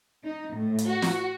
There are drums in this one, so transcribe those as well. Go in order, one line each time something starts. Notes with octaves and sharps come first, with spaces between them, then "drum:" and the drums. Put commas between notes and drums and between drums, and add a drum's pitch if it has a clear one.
D#4
A2
drum: hi-hat
F#4
drum: snare